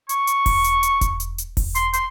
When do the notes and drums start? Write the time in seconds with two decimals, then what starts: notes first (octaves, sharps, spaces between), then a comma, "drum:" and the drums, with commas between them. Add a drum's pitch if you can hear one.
0.09 C#6, drum: hi-hat
0.27 drum: hi-hat
0.46 drum: kick E1, open hi-hat
0.64 drum: hi-hat
0.83 drum: hi-hat
1.01 drum: kick E1, hi-hat
1.20 drum: hi-hat
1.38 drum: hi-hat
1.57 drum: kick E1, open hi-hat
1.75 C6, drum: hi-hat
1.93 C6, drum: hi-hat